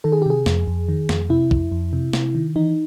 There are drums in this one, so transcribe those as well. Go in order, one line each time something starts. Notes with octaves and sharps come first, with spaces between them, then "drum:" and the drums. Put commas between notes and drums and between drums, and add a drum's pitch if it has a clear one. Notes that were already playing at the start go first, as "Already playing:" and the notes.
D#3 A4
G#4
G4
C3 G#4
F2, drum: snare
F2
D#3
F2, drum: snare
C3 E4
F2, drum: kick
F2
C3
C3, drum: snare
D#3
E3 D#4